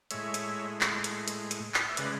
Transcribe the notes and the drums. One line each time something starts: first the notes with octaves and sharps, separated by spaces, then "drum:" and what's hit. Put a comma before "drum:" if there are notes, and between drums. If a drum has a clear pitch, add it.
A2 G#3 C#5 E5, drum: hi-hat
drum: hi-hat
drum: clap
drum: hi-hat
drum: hi-hat
drum: hi-hat
drum: clap
E5
C#3 G#3 B4 D5, drum: hi-hat